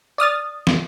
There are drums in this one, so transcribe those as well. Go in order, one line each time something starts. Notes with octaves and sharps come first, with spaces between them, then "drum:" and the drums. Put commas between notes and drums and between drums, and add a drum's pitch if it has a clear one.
D5 D#6 F6 A6
drum: snare